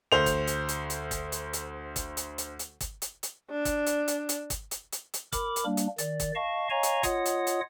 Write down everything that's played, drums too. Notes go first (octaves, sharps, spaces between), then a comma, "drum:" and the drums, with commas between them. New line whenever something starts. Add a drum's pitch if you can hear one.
D2 C5 F7
drum: kick, hi-hat
drum: hi-hat
drum: hi-hat
drum: hi-hat
drum: kick, hi-hat
drum: hi-hat
drum: hi-hat
drum: kick, hi-hat
drum: hi-hat
drum: hi-hat
drum: hi-hat
drum: kick, hi-hat
drum: hi-hat
drum: hi-hat
D4
drum: kick, hi-hat
drum: hi-hat
drum: hi-hat
drum: hi-hat
drum: kick, hi-hat
drum: hi-hat
drum: hi-hat
drum: hi-hat
A#4 B5 D6, drum: kick, hi-hat
drum: hi-hat
G3 A#3 D4
drum: hi-hat
D#3 D5, drum: hi-hat
drum: kick, hi-hat
D#5 F5 A5 C#6
C#5 D#5 F5 G#5 A#5 C#6
drum: hi-hat
F4 C#5 D#5 F#5 D#6, drum: kick, hi-hat
drum: hi-hat
drum: hi-hat